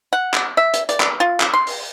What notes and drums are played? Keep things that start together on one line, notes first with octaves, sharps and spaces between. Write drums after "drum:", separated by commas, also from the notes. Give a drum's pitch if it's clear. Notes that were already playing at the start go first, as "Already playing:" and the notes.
F#5
drum: clap
E5
drum: hi-hat
D5, drum: hi-hat
drum: clap
F4
drum: clap
C6
drum: open hi-hat